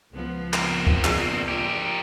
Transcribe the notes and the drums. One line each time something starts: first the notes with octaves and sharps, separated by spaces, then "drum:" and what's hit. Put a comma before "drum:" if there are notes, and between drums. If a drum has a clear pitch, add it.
C#2 F3 B3
C4 A#4, drum: clap
drum: kick C#2
A#1 G#4 C7, drum: clap
G4 A#4